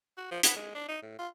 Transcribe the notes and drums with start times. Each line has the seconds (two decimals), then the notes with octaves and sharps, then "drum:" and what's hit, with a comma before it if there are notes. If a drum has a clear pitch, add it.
0.18 F#4
0.31 F3
0.43 B3, drum: hi-hat
0.56 G#3
0.75 D4
0.89 D#4
1.02 A2
1.19 F4